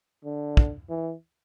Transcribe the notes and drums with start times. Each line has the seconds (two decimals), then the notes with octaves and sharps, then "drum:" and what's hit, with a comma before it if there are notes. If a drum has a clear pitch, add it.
0.25 D3
0.57 drum: kick
0.89 E3